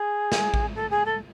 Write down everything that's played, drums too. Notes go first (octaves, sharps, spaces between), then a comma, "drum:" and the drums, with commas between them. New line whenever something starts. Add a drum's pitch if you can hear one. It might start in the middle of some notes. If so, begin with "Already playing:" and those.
Already playing: G#4
drum: snare
drum: kick A1
A4
G#4
A4